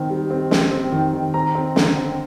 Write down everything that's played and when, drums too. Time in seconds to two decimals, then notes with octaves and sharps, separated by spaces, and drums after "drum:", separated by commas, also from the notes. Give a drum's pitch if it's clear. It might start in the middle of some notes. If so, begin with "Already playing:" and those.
Already playing: D#3 C4
0.10 G3
0.31 C4
0.51 C4, drum: snare
0.72 C4
0.92 D#3
1.14 D#3
1.34 C4 A#5
1.55 C4
1.76 D3, drum: snare
1.96 C4